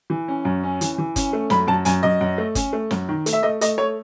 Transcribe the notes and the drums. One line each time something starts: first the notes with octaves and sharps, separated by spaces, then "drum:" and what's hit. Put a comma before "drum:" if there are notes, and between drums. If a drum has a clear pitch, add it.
E3
C#4
F#2
C#4
E3, drum: hi-hat
E3
C#4, drum: kick G1, hi-hat
A3
F#2 B5, drum: snare
F#2 A5
F#2 G#5, drum: hi-hat
F#2 D#5
F#2
A3
C#4, drum: kick G1, hi-hat
A3
F#2, drum: snare
D#3
A3, drum: hi-hat
E5
A3 D#5
A3 D#5, drum: hi-hat
A3 C#5